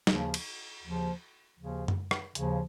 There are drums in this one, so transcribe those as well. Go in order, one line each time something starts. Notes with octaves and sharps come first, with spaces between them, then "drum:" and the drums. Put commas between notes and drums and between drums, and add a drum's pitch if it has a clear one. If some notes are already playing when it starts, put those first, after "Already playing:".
D#2 C#3 F3, drum: snare
drum: cymbal
D#2 C#3 F3
D#2 C#3 F3
drum: tom F#2
drum: rim click
D#2 C#3 F3, drum: hi-hat